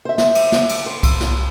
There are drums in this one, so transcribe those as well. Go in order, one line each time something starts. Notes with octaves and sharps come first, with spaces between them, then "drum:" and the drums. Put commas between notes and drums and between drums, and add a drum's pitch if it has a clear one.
C5 E5
drum: snare
drum: cymbal
drum: snare
drum: cymbal
C5
drum: kick C2, cymbal
drum: snare